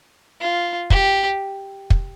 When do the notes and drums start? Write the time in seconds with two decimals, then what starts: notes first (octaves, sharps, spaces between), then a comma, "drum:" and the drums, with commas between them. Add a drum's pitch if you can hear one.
0.40 F4
0.90 G4, drum: kick
1.90 drum: kick